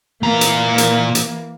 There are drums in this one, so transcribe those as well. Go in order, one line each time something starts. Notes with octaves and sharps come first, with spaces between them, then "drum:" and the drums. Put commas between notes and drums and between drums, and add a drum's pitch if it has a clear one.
A#2 E3 A#3 A#5
drum: hi-hat
drum: hi-hat
drum: hi-hat